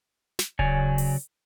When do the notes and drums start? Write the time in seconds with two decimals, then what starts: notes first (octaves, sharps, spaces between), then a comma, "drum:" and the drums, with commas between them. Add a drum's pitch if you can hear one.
0.39 drum: snare
0.59 C#3 F#3 C#5 D5 G#5, drum: kick D1
0.98 drum: open hi-hat